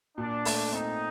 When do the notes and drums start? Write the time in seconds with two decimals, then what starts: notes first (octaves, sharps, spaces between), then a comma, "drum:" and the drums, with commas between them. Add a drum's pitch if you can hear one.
0.18 A#2 D4
0.45 A3, drum: open hi-hat
0.72 C4 D#4